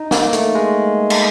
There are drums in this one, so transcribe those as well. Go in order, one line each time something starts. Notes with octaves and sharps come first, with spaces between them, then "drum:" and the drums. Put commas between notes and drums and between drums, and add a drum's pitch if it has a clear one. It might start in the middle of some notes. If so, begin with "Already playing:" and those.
Already playing: D#4
A#3, drum: snare
A3, drum: hi-hat
G#3
drum: cymbal